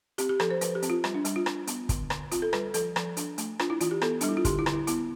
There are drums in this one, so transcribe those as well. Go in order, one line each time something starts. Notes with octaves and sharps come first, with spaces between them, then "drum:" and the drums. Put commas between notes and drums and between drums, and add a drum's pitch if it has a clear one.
C4 G4, drum: hi-hat
G4
F3 A4, drum: rim click
C5
F3 B4, drum: hi-hat
G4
C4, drum: hi-hat
F4
G3, drum: rim click
D4
G3, drum: hi-hat
F4
D4, drum: rim click
B3, drum: hi-hat
D3, drum: kick, hi-hat
D3, drum: rim click
C4 F4, drum: hi-hat
A4
G3 B4, drum: rim click
F3 A4, drum: hi-hat
F3, drum: rim click
D4, drum: hi-hat
A3, drum: hi-hat
D4 F4, drum: rim click
E4
E3 F4, drum: hi-hat
G4
B3 A4, drum: rim click
G3 D4, drum: hi-hat
E4
F4
D3 G4, drum: kick, hi-hat
E4
D3, drum: rim click
E4
B3 E4, drum: hi-hat